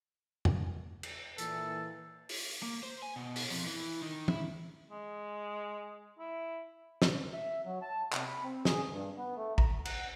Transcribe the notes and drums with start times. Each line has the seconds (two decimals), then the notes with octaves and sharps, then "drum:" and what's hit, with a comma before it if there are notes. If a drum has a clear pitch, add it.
0.45 drum: tom E2
1.03 drum: cymbal
1.38 A#2 E3 A4, drum: hi-hat
2.29 drum: open hi-hat
2.63 A#3
2.83 C5
3.03 G#5
3.16 B2
3.36 drum: open hi-hat
3.50 F2
3.66 E3
4.02 D#3
4.28 E4, drum: tom
4.90 G#3
6.19 E4
7.02 drum: snare
7.33 E5
7.65 F#3
7.82 A5
8.13 C3, drum: clap
8.28 B5
8.44 C4
8.65 G#4, drum: snare
8.90 G2
9.18 B3
9.37 A3
9.58 A#5, drum: kick A1
9.85 F#5, drum: cymbal